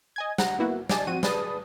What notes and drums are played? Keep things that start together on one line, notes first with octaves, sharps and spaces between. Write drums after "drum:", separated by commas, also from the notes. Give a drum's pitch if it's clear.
D#5 G#5 G#6
F#5 A#5, drum: snare
A#3 B3 E4 F#4
D5 D#5 G#5 A5, drum: snare
F3 C4 F#4 D#7
G#4 B4 D5 A5 D#6, drum: snare